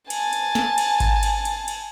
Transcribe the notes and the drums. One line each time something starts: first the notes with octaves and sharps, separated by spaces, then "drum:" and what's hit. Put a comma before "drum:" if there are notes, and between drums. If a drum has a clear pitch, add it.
G#5 A5, drum: cymbal
drum: cymbal
drum: snare
drum: cymbal
drum: kick G#1, cymbal
drum: cymbal
drum: cymbal
drum: cymbal